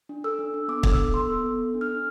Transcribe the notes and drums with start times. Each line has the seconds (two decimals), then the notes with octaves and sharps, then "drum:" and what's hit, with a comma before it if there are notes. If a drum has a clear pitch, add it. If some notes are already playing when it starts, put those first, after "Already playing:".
0.09 D4
0.24 A4 E6
0.39 D4
0.54 D4
0.68 B3 D6
0.83 A4, drum: kick
0.92 E6
0.98 A4
1.14 B3 C6
1.29 A4
1.44 B3
1.59 A4
1.74 D4
1.81 F6
1.89 D4